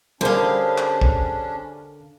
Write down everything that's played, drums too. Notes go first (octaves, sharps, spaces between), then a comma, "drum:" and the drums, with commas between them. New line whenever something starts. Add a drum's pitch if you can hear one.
D3 G3 C#4 D4 G#4 A#4 C5 F5, drum: tom
drum: clap
drum: kick